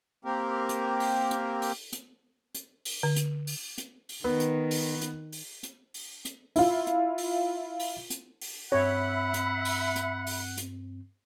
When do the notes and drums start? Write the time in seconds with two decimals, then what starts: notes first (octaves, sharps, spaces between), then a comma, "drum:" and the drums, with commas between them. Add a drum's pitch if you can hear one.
0.25 A#3 C4 G4 A#4
0.69 drum: hi-hat
1.00 drum: open hi-hat
1.31 drum: hi-hat
1.62 drum: open hi-hat
1.93 drum: hi-hat
2.54 drum: hi-hat
2.85 drum: open hi-hat
3.03 D3
3.16 drum: hi-hat
3.47 drum: open hi-hat
3.78 drum: hi-hat
4.09 drum: open hi-hat
4.24 D#3 B3
4.40 drum: hi-hat
4.71 drum: open hi-hat
5.02 drum: hi-hat
5.32 drum: open hi-hat
5.63 drum: hi-hat
5.94 drum: open hi-hat
6.25 drum: hi-hat
6.56 E4 F4, drum: open hi-hat
6.87 drum: hi-hat
7.18 drum: open hi-hat
7.80 drum: open hi-hat
8.10 drum: hi-hat
8.41 drum: open hi-hat
8.72 G2 C4 C#5 E5 F#5 B5
9.34 drum: hi-hat
9.65 drum: open hi-hat
9.96 drum: hi-hat
10.27 drum: open hi-hat
10.58 drum: hi-hat